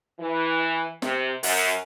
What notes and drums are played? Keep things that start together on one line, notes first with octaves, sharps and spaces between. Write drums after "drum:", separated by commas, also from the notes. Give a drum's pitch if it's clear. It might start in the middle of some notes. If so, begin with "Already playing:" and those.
E3
C3, drum: snare
F#2, drum: open hi-hat